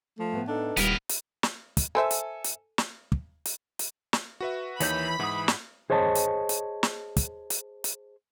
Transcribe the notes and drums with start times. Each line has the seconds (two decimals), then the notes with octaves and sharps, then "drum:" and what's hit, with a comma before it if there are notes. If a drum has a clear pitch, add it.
0.19 F3 A3
0.32 A2 B3
0.48 D4 D#4 A4
0.77 D#1 G3 B3 E4 A#4, drum: hi-hat
1.09 drum: hi-hat
1.43 drum: snare
1.77 drum: kick, hi-hat
1.95 A4 A#4 C5 E5 G#5
2.11 drum: hi-hat
2.44 drum: hi-hat
2.78 drum: snare
3.12 drum: kick
3.45 drum: hi-hat
3.79 drum: hi-hat
4.13 drum: snare
4.41 F#4 B4 E5
4.80 D#2 E3 D#4 C#5 B5 G6, drum: hi-hat
5.19 G#2 E3 F#5 D#6
5.48 drum: snare
5.90 G#4 C5 C#5 D#5 A5
6.15 drum: hi-hat
6.49 drum: hi-hat
6.83 drum: snare
7.17 drum: kick, hi-hat
7.50 drum: hi-hat
7.84 drum: hi-hat